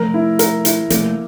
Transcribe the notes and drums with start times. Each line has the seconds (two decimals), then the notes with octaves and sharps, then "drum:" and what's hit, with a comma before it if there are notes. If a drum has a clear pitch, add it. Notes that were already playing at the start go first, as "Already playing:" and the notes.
Already playing: F3 A3 A#4
0.14 E4
0.39 A#4, drum: hi-hat
0.65 E4, drum: hi-hat
0.90 F3 A3 A#3, drum: hi-hat